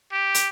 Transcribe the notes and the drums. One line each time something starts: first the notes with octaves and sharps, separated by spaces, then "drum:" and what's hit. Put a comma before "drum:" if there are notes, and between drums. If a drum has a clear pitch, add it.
G4
drum: hi-hat